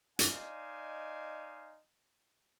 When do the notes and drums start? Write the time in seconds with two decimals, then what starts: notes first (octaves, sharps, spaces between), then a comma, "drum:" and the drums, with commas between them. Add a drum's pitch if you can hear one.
0.19 D#4 C5 D5 D#5 F5 G#5, drum: hi-hat